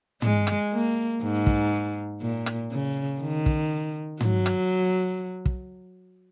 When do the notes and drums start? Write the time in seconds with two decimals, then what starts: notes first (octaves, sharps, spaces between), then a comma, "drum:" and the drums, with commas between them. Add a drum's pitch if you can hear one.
0.22 G#3, drum: tom
0.47 drum: rim click
0.72 A#3
1.22 G#2
1.47 drum: kick
2.21 A#2
2.46 drum: rim click
2.71 C#3
3.21 D#3
3.46 drum: kick
4.21 F#3, drum: tom
4.46 drum: rim click
5.46 drum: kick